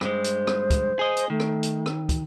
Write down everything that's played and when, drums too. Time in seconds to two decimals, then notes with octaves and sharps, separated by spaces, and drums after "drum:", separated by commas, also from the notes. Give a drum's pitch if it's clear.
0.01 G2 G#3 C5, drum: rim click
0.24 drum: hi-hat
0.47 drum: rim click
0.70 drum: kick, hi-hat
0.99 G#4 D#5
1.17 drum: hi-hat
1.30 D#3 A3
1.40 drum: rim click
1.63 drum: hi-hat
1.86 drum: rim click
2.09 drum: kick, hi-hat